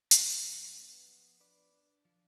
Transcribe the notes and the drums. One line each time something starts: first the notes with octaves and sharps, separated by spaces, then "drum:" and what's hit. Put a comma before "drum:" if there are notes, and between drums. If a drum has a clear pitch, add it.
F#2 A4 C#5, drum: hi-hat
D4
B3
F3
D4 B4 D5
D4
F3